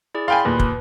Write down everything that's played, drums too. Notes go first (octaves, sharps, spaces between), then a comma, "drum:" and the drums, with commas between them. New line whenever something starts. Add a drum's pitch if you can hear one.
E4 G#4 D5
F5 G5 G#5 B5 C6
D#2 A#2 B4
drum: kick